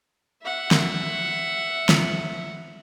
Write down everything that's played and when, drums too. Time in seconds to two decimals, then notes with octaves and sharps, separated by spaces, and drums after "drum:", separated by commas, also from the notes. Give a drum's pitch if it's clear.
0.42 E5 F#5
0.71 drum: snare
1.89 drum: snare